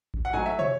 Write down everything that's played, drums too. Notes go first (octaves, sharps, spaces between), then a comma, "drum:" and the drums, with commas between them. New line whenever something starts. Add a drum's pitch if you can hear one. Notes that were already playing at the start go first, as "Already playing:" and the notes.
drum: kick A1
F#5
G#2 F#3 A3 G#5
E5
C#5, drum: tom